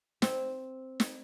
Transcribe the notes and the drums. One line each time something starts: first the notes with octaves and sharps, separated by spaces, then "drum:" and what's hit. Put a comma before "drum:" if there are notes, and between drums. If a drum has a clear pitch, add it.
C4, drum: snare
drum: snare